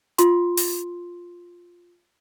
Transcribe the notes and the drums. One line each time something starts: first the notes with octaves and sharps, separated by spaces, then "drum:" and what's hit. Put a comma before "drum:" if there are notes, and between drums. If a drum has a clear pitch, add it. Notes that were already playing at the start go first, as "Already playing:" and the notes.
F4 C6, drum: hi-hat
drum: open hi-hat